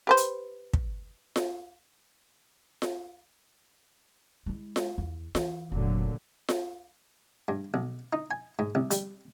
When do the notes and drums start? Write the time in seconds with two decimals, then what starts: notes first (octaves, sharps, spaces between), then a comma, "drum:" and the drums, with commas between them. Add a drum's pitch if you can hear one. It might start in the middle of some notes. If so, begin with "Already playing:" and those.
0.07 G4 B4 C5
0.17 drum: hi-hat
0.73 drum: kick
1.36 drum: snare F4
2.82 drum: snare F4
4.46 G#3 E4
4.76 drum: snare F4
4.98 E2
5.35 E3, drum: snare F4
5.72 F1 A#2 D3 F#3
6.49 drum: snare F4
7.48 G2
7.74 B1
8.13 D#4
8.31 G#5
8.59 G#2
8.75 C2
8.91 G3, drum: hi-hat